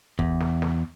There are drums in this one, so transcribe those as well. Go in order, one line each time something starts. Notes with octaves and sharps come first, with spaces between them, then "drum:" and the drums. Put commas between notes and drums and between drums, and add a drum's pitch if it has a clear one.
E2, drum: kick
drum: snare
drum: snare